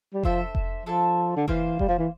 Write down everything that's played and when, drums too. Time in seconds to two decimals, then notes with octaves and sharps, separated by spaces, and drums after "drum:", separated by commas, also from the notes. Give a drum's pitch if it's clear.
0.13 G3
0.23 F3 D4 A4 C5 E5, drum: kick F1
0.55 drum: kick F1
0.86 F3 D4 A4 E5 A5
1.36 D3
1.48 E3 A#3 F4 C5 F5, drum: kick F1
1.79 G3, drum: kick F1
1.89 F3
1.98 E3